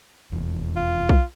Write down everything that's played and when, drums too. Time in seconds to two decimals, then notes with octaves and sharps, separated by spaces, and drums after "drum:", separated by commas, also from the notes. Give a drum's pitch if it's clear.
0.32 F1 E2
0.76 F4
1.09 drum: kick B1